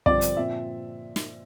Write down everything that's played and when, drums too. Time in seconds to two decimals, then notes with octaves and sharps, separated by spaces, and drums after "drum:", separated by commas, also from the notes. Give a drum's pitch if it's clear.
0.06 G2 D3 F3 C4 D5, drum: kick
0.21 drum: hi-hat
0.37 A#2 F3 C4 E5
1.16 drum: snare